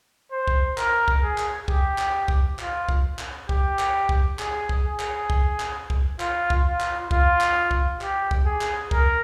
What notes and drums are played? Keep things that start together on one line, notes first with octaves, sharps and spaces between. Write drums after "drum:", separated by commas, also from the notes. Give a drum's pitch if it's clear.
C5
drum: kick C2
A#4, drum: clap
drum: kick C2
G#4
drum: clap
G4, drum: kick C2
drum: clap
drum: kick C2
F4, drum: clap
drum: kick C2
drum: clap
G4, drum: kick C2
drum: clap
drum: kick C2
G#4, drum: clap
drum: kick C2
G#4
drum: clap
drum: kick C2
drum: clap
drum: kick C2
F4, drum: clap
drum: kick C2
F4
drum: clap
F4, drum: kick C2
drum: clap
drum: kick C2
G4, drum: clap
drum: kick C2
G#4
drum: clap
A#4, drum: kick C2